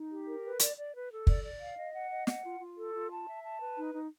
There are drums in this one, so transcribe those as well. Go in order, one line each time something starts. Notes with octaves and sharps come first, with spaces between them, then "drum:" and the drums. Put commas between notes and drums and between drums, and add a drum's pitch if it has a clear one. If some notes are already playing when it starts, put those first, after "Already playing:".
Already playing: D#4
G4
A#4
B4
D5, drum: hi-hat
D5
B4
A4
D5, drum: kick
D5
F5
D#5
F#5
D#5
F#5, drum: snare
F4
F4
A4
F4
A5
E5
A5
B4
D#4
D#4